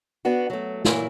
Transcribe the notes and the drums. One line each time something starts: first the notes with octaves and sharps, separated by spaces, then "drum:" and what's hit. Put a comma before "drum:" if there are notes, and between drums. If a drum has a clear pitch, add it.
B3 D4 F#4
F#3 A3
A#2 E3 F#3 A#3 E4, drum: snare